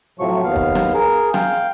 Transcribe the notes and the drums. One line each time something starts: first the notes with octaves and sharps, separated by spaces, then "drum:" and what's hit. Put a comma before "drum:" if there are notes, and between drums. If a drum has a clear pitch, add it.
A2 C3 F3 F#3 C#6
D#2 B3 F5
drum: kick
drum: rim click
G#4 A#4
F5 G5 G6, drum: rim click